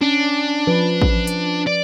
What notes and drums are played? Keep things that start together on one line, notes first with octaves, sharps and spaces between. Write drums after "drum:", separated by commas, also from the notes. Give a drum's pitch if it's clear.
C#4 D4
F3 B4
drum: kick
drum: hi-hat
D5